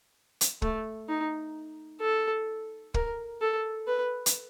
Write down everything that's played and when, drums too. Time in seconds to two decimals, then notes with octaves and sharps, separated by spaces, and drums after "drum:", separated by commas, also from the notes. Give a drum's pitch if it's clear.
0.41 drum: hi-hat
0.62 A3, drum: kick
1.09 D#4
2.01 A4
2.94 A#4, drum: kick
3.41 A4
3.87 B4
4.26 drum: hi-hat